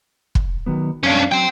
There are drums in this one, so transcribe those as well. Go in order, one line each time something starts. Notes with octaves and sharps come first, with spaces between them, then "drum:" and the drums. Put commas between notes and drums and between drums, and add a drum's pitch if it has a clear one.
drum: kick
D#3 F#3 B3
F#2 C#4 D4 F5
F#3 C5 G5